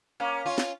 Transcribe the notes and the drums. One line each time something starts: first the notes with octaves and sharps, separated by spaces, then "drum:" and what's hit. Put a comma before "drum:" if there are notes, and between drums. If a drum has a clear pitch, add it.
A#3 C#4
C#4 F4
drum: snare